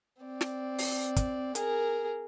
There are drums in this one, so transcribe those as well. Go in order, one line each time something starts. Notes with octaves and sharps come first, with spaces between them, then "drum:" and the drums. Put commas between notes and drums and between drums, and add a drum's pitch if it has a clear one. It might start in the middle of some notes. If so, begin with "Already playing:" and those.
C4 D5
drum: snare
drum: open hi-hat
drum: kick, hi-hat
G#4 A#4, drum: hi-hat